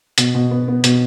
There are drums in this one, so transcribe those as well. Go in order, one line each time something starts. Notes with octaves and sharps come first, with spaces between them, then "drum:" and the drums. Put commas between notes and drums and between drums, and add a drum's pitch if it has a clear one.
B2, drum: hi-hat
B2
B3
B3
B2, drum: hi-hat